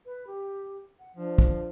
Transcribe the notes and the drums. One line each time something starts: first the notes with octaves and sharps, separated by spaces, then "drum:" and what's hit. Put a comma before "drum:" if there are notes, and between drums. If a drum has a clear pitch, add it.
B4
G4
F#5
F3 D4
drum: kick